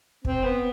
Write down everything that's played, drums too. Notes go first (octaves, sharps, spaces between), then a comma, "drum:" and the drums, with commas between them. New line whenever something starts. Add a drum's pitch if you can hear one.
C4, drum: kick
B3